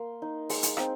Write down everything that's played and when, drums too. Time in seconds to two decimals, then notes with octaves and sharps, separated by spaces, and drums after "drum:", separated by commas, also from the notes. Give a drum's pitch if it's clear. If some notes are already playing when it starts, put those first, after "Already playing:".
Already playing: A#3 C6
0.22 D#4
0.49 G#3 C6, drum: open hi-hat
0.63 drum: hi-hat
0.77 C4 D#4, drum: rim click